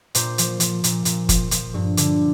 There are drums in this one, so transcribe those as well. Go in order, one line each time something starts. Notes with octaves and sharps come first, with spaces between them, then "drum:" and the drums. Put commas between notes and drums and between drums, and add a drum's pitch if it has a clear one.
A#2 C5, drum: hi-hat
F3, drum: hi-hat
F3, drum: hi-hat
A#2, drum: hi-hat
A#2, drum: hi-hat
F3, drum: kick, hi-hat
F3, drum: hi-hat
G2
D3, drum: hi-hat